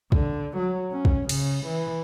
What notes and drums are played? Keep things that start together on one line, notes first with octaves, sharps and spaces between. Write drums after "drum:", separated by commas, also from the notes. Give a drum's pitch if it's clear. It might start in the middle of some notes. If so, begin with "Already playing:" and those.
D3, drum: kick
F#3
C#4
drum: kick
C#3, drum: cymbal
E3